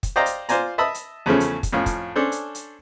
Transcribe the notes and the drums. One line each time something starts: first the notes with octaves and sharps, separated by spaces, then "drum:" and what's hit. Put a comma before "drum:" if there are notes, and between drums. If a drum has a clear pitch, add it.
drum: kick, hi-hat
C5 D5 D#5 F5 G5 A#5
drum: hi-hat
F4 C5 D5 G#5 A#5, drum: hi-hat
D#5 E5 A5 B5 D#6 E6
drum: hi-hat
E2 C#3 F3 A3 C#4
drum: hi-hat
drum: kick, hi-hat
F2 A2 C#4 F4
drum: kick, hi-hat
C#4 D4 A4 C5
drum: hi-hat
drum: hi-hat